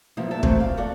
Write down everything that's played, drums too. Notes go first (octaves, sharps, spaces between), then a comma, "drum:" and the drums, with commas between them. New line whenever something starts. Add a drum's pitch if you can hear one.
F3 G3 A#3 B3 E4
G#2 E5 A5
E3 F#3 G3 A3 C4, drum: kick
F5
F#4 A4 D5